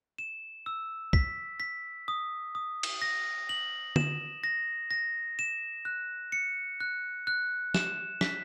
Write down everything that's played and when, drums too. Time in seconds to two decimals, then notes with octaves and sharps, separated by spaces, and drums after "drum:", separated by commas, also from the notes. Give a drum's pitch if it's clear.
0.18 E7
0.66 E6
1.13 B6, drum: kick
1.60 B6
2.08 D#6
2.55 D#6
2.83 drum: cymbal
3.02 A#6
3.49 F#7
3.96 E7, drum: tom
4.44 A#6
4.91 A#6
5.39 E7
5.85 F#6
6.32 C#7
6.80 F#6
7.27 F#6
7.75 E7, drum: snare
8.21 B6, drum: snare